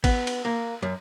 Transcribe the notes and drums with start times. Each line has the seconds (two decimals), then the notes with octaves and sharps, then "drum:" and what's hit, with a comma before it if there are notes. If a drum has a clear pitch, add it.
0.04 B3, drum: kick, cymbal
0.27 drum: cymbal
0.45 A#3
0.82 F#2